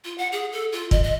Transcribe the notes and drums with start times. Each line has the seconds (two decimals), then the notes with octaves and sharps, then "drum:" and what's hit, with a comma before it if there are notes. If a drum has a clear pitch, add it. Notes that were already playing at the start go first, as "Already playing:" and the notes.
0.04 F4
0.18 F#5
0.32 G#4
0.52 A4
0.72 F4
0.91 D#5, drum: kick
1.03 D#5